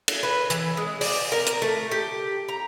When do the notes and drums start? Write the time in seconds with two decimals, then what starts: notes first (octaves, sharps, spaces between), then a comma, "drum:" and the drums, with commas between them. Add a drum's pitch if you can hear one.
0.08 drum: cymbal
0.23 B4
0.50 E3, drum: hi-hat
0.77 G#3
1.01 D5, drum: open hi-hat
1.32 A#4
1.46 drum: hi-hat
1.62 A3
1.92 G4
2.49 A#5